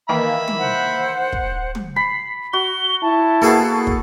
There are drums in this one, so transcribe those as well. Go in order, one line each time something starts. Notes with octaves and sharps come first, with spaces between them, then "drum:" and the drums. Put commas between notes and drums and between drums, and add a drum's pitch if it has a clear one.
D#3 E3 A#3 E5 B5
drum: tom
C5 F#5
drum: kick
drum: tom
B5 C7
F#4 G7
E4 A5
A#3 B3 F#4 G#4 A4 F5
drum: kick